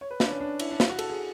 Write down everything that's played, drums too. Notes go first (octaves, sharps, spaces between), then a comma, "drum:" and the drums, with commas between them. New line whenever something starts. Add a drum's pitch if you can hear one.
C#5
B4
D4, drum: snare
C#4
D4
E4, drum: cymbal
D4
E4, drum: snare
F#4
A4, drum: cymbal
G#4